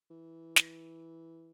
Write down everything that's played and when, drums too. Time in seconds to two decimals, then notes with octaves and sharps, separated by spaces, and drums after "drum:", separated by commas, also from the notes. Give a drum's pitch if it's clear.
0.10 E3
0.56 drum: snare